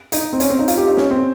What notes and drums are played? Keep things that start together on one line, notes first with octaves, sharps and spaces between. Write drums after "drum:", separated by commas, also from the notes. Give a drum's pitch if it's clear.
D#4, drum: hi-hat
C4
C#4, drum: hi-hat
C4
D#4
F4, drum: hi-hat
G4
D#4
C#4, drum: snare
C4